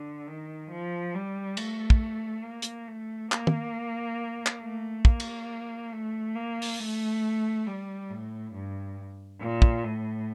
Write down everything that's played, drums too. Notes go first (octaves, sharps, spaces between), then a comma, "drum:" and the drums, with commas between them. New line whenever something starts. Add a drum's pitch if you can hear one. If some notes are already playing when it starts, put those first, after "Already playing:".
Already playing: D3
D#3
F3
G3
A3, drum: cymbal
drum: kick
A#3
drum: hi-hat
A3
A#3, drum: clap
drum: tom
drum: clap
A3
A#3, drum: kick
drum: cymbal
A3
A#3
drum: open hi-hat
A3
G3
A2
G2
A#2
drum: kick
A2